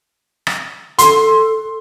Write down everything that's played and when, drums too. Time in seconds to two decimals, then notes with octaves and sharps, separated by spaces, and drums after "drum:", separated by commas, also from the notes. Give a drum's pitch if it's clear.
0.47 drum: rim click
0.99 A4 C6, drum: hi-hat